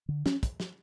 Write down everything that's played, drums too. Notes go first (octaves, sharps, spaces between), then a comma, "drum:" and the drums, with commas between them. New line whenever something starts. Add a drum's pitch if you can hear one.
D3
C#4, drum: snare
drum: kick, hi-hat
drum: snare